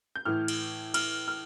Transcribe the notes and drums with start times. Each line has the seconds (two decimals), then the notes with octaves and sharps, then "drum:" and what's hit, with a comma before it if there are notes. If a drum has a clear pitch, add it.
0.16 G6
0.25 A2 E3 F6
0.48 drum: cymbal
0.94 F6, drum: cymbal
1.28 F6